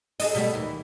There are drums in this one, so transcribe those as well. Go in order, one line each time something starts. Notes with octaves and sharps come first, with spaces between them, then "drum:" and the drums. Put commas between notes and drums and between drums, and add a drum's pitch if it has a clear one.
G#4 A4 D#5, drum: open hi-hat
B2 G3 A3
D#2 E3